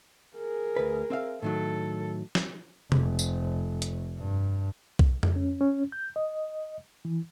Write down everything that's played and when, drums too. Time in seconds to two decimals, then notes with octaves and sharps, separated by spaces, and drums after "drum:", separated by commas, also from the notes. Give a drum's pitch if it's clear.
0.37 G#4 A#4
0.76 D2 B4
1.10 C4 E5 F5
1.42 A2 D#3 F#3 A4
2.35 drum: snare
2.92 F1, drum: tom C3
3.19 drum: tambourine
3.82 drum: hi-hat
4.18 G2
4.99 drum: kick B1
5.23 drum: tom F2
5.36 C#4
5.61 C#4
5.92 G6
6.16 D#5
7.05 E3